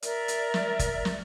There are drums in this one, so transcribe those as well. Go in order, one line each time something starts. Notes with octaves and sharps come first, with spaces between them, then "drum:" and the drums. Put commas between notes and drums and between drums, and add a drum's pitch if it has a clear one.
A#4 D5 E5, drum: hi-hat
drum: hi-hat
drum: snare
drum: kick F#1, hi-hat
drum: snare